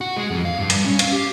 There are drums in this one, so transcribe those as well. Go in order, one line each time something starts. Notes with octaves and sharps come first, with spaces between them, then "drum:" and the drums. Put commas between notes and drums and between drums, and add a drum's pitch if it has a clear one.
F#4
G#3
F2
F5
G2
G2, drum: hi-hat
C#4
F5, drum: hi-hat
G4